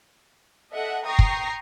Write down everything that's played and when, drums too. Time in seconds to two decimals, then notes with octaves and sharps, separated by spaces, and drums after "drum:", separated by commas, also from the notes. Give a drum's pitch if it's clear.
0.73 A4 D#5 E5 F#5
1.06 G5 A#5 C#6 D#6 A#6 C7
1.19 drum: kick